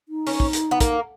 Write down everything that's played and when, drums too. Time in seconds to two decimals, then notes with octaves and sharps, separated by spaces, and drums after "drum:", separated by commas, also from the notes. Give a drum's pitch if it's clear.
0.09 D#4
0.27 C#4, drum: open hi-hat
0.40 drum: kick
0.53 drum: hi-hat
0.71 B3
0.80 A#3, drum: kick, hi-hat